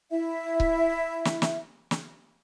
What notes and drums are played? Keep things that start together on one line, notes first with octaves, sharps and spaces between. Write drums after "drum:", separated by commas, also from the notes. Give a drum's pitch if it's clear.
E4 E5
drum: kick C#1
drum: snare
drum: snare
drum: snare